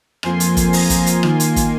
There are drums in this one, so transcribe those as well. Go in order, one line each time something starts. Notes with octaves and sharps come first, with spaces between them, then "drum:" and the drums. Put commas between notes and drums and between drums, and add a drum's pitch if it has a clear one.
F2 F3 A#3 F4 G#5 C6, drum: rim click
drum: hi-hat
drum: kick, hi-hat
A#5 D#6, drum: open hi-hat
drum: kick, hi-hat
drum: hi-hat
D#3 A#3 F4 G#5 C6, drum: rim click
drum: hi-hat
drum: kick, hi-hat